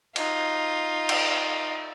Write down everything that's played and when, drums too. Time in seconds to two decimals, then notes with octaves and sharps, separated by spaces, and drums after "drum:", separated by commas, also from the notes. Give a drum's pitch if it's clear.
0.16 D#4 F4, drum: cymbal
1.09 drum: cymbal